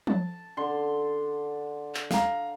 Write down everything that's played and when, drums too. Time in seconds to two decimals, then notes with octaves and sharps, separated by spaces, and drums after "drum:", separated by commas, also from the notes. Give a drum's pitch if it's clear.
0.07 A5, drum: tom F3
0.57 D3 C6
1.95 drum: clap
2.11 F5 A#5, drum: snare